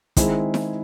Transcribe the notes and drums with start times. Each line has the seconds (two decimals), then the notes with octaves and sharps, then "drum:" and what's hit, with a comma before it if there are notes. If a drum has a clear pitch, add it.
0.17 D#3 G#3 C4 E4, drum: kick, hi-hat
0.54 drum: snare E4